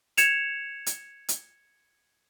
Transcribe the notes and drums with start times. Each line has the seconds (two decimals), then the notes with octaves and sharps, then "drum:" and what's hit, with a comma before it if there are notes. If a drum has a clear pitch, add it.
0.17 G#6 C#7 E7 F7, drum: hi-hat
0.86 drum: hi-hat
1.29 drum: hi-hat